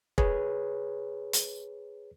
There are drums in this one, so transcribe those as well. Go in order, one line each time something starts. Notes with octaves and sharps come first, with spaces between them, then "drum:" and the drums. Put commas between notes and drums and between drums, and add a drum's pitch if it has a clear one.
G#4 B4 C#5, drum: kick
drum: hi-hat